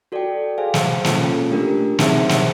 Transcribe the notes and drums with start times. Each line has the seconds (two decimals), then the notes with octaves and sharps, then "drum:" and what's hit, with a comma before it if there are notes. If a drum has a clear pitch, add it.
0.12 F#4 A4 D5 G5
0.58 G#4 C5 F5 G#5
0.74 drum: snare
1.04 A#3 C#4 F4 A4, drum: snare
1.51 A3 D4 G4 A#4
1.99 C4 D#4 G#4 C5 E5, drum: snare
2.29 drum: snare